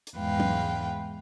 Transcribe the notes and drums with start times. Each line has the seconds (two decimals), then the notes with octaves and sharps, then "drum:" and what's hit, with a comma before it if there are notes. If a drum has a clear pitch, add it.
0.07 drum: hi-hat
0.18 E2 G#2 G#3 B4 F5 G5
0.40 drum: tom F#3